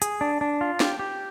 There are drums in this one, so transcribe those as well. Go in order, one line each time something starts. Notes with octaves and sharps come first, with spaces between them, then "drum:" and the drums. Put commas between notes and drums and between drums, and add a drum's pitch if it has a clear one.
G#4, drum: hi-hat
D4
D4
F4
G4, drum: snare
G4